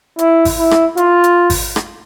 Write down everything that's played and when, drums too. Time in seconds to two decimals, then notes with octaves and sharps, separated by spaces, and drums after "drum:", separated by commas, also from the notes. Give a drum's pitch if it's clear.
0.19 E4, drum: hi-hat
0.45 drum: kick G#1, open hi-hat
0.58 E4
0.71 drum: rim click
0.97 F4, drum: hi-hat
1.24 drum: hi-hat
1.50 drum: kick G#1, open hi-hat
1.76 drum: rim click